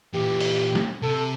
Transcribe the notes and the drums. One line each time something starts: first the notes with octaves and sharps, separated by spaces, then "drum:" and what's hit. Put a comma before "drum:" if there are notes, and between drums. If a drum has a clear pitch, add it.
A#2 E3 G4
drum: open hi-hat
drum: snare
C3 A4